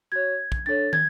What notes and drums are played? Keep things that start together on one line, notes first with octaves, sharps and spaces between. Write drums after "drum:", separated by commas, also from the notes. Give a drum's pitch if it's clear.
F#4 C#5 G#6
drum: kick
D4 A4 C#5 A6
G#6, drum: tom